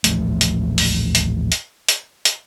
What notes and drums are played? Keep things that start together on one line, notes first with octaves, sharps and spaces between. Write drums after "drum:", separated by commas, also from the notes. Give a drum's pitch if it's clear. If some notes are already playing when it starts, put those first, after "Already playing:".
D#1 A1 F3 A3, drum: hi-hat
drum: hi-hat
drum: open hi-hat
drum: hi-hat
drum: hi-hat
drum: hi-hat
drum: hi-hat